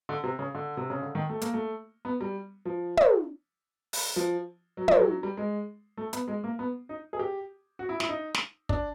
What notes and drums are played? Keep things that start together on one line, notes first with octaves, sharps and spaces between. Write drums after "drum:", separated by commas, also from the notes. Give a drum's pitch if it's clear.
D3
C3
C#3
D3
C3
C#3
D3
D#3
A3
A#3, drum: hi-hat
A3
B3
G3
F3
drum: tom
drum: open hi-hat
F3
F#3
F3, drum: tom
F#3
F#3
G3
G#3
A3
B3, drum: hi-hat
G#3
A#3
B3
D#4
G#4
G4
F#4
E4
E4, drum: snare
D#4
drum: snare
D4, drum: kick